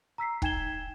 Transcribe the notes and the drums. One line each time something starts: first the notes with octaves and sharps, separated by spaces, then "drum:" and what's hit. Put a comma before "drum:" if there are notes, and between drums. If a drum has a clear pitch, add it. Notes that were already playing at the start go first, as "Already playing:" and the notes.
A#5 E6 B6 C7
D#4 G5 G#5 G#6 E7 G7, drum: kick